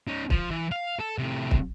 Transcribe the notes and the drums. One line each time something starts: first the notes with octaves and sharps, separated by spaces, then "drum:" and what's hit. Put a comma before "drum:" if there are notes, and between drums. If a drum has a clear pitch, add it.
C#4 D#4
F3, drum: kick
E3
F5
A4
A2 C3
drum: kick